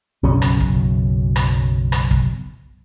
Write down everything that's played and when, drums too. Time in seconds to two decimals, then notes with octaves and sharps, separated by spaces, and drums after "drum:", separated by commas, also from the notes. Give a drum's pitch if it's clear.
0.23 B1 F#2 C#3 C#4
0.42 drum: rim click
0.60 drum: kick
1.36 drum: rim click
1.92 drum: rim click
2.11 drum: kick